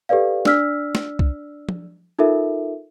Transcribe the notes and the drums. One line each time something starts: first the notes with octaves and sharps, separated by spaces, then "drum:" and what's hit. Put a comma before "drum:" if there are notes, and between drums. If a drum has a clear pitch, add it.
G4 A4 B4 D5 F5
D4 D5 E6 F6 B6, drum: snare
drum: snare
drum: kick
drum: tom
D#4 F4 A4 A#4 E5